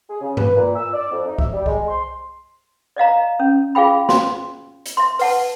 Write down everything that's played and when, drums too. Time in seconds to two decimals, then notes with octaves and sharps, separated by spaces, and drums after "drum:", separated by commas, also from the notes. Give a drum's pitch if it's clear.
0.10 G#4
0.21 C#3
0.37 B4, drum: tom G2
0.56 A#2
0.76 E6
0.94 D5
1.11 F2
1.25 D#4
1.39 E5, drum: kick C2
1.53 G3
1.66 G#3, drum: kick C2
1.89 C6
2.96 D5 D#5 F5 A#5
3.40 C#4
3.75 F4 G#4 F5 G5 B5
4.09 C6, drum: snare
4.86 drum: hi-hat
4.97 E5 C6
5.19 B4 F#5 A5, drum: open hi-hat